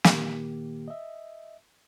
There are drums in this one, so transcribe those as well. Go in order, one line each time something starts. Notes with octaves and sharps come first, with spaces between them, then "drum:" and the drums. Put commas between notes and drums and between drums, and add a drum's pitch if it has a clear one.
A#2 D#3 A#3 G4, drum: snare
D#5 E5